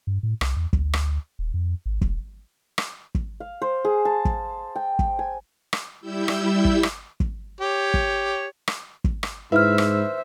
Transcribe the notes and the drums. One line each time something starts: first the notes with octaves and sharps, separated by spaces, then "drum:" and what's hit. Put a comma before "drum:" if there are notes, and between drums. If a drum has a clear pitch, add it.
G2
A2
C2, drum: rim click
E2
D2, drum: kick
drum: rim click
D#1
F2
G#1
E1, drum: kick
drum: rim click
drum: kick
F5
C5
G#4
A5
drum: kick
G5
drum: kick
G#5
drum: rim click
G3 E4 E6 G6
drum: rim click
drum: kick
drum: rim click
drum: kick
G4 C#5
drum: kick
drum: rim click
drum: kick
drum: rim click
G#2 E4 B4 C5 E5 F6
drum: rim click